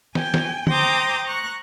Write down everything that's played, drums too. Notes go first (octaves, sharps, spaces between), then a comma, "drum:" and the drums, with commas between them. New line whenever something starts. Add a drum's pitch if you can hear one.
G5 G#5, drum: snare
drum: snare
C5 G5 A#5 C6 D6 D#6, drum: tom D3
A#5 C#6 F#6